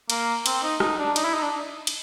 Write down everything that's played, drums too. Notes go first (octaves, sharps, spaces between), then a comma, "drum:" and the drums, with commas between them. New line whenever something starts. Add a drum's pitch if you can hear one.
A#3, drum: cymbal
C4, drum: cymbal
D#4
D#4, drum: rim click
D4
D#4, drum: cymbal
E4
D#4
D4
drum: cymbal